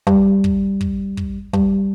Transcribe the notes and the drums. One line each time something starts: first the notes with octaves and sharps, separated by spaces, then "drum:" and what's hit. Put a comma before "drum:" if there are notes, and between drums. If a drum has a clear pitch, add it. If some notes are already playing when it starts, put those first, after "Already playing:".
G3, drum: kick
drum: kick
drum: kick
drum: kick
G3, drum: kick